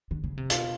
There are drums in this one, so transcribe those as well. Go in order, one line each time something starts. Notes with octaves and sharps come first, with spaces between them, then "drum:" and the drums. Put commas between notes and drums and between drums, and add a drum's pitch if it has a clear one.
D3
C#3
C3
B2 F4, drum: hi-hat